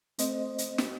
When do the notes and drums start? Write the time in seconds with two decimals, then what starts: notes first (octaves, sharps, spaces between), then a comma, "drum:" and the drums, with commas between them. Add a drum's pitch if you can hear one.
0.18 A3 C4 C5 D#5, drum: hi-hat
0.58 drum: hi-hat
0.78 drum: snare